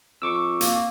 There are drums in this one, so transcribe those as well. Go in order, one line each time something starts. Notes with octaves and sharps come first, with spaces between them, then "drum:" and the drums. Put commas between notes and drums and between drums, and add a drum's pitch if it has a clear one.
F2 C#6 D6 E6
A#3, drum: hi-hat